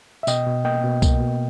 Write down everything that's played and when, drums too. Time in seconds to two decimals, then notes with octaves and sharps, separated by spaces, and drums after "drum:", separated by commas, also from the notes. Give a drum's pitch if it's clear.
0.23 E5
0.27 B2 D#5 G5, drum: tambourine
0.47 B2
0.64 A#3 D#5 G5
0.84 B2
1.02 A#3, drum: kick C2, tambourine
1.21 B2